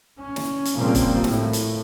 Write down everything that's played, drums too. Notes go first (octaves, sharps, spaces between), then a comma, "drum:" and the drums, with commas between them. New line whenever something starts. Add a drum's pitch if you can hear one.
C#4
drum: snare
drum: hi-hat
A#2 C#3 F3 G3 A#3 C4
drum: kick, hi-hat
A2, drum: snare
drum: hi-hat